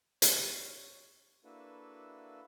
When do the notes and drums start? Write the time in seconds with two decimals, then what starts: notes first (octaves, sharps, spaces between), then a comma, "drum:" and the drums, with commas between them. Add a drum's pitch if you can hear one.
0.22 C#5, drum: hi-hat
1.44 A#3 D4 E4 F#4 A4 B4